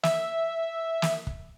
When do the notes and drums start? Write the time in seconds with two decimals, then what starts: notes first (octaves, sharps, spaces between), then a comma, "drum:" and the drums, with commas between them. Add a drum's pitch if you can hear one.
0.03 E5, drum: snare
1.02 drum: snare
1.27 drum: kick